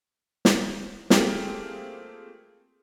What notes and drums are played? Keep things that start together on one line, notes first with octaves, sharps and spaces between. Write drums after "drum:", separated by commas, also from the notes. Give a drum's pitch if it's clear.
drum: snare
A3 A#3 C4 F4 G4 G#4, drum: snare